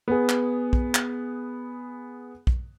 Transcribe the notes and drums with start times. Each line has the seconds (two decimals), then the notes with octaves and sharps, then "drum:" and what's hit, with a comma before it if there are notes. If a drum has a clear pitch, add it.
0.08 B3 G#4
0.29 drum: clap
0.73 drum: kick
0.95 drum: clap
2.47 drum: kick